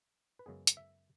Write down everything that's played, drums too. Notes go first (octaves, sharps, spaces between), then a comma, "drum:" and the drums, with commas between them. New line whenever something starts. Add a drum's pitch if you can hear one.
B4
F#2 C#3 G#3 B3 G#4
drum: hi-hat
E5